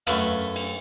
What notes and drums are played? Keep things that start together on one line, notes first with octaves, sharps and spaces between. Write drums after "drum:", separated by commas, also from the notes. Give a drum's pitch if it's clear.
F#2 A3 B4 F5, drum: rim click
drum: cymbal